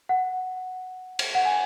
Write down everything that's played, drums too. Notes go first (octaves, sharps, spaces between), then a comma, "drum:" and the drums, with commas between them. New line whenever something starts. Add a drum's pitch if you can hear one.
F#5
drum: cymbal
F#5
G#5